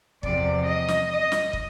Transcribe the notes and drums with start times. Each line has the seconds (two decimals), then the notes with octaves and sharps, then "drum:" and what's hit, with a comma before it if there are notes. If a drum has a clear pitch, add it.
0.23 E2 C3 F3 D5, drum: kick
0.67 D#5
0.88 drum: snare
1.10 D#5
1.32 drum: snare
1.53 drum: kick